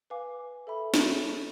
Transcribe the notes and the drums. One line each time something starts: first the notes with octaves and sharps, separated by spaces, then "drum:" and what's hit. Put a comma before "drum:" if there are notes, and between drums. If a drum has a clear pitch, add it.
B4 F5 G#5 D6
A4 E5 B5
drum: snare